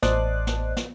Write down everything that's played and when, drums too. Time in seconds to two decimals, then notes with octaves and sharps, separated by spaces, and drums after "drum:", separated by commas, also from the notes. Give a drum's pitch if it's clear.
0.02 A1 C5 D5 D#5 A5 F#6, drum: snare
0.47 drum: snare
0.77 drum: snare